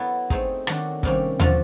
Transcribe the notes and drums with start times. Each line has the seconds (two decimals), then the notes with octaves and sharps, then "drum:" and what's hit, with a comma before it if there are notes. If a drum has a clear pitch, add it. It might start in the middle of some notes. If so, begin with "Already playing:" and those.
Already playing: F#3 B3 E4 A4
0.30 A3 C4 D#4 G#4, drum: kick
0.67 D#3 F#3 A3 D4, drum: rim click
1.03 C3 D#3 G3 A#3 C#4, drum: kick
1.39 D3 F3 A3 D4 F4, drum: tom D#2